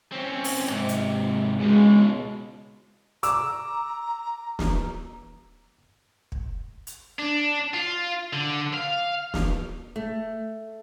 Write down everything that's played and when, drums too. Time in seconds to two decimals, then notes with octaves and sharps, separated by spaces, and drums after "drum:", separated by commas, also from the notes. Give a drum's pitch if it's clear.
0.12 C4 C#4
0.44 drum: open hi-hat
0.68 G#2 C3, drum: rim click
0.89 drum: hi-hat
1.60 C#2 B2 G#3
3.23 A#5 D6 E6, drum: hi-hat
4.59 drum: snare
6.32 drum: kick
6.87 drum: hi-hat
7.19 D4
7.74 F4
8.33 D3
8.74 F5
9.34 drum: snare
9.96 A3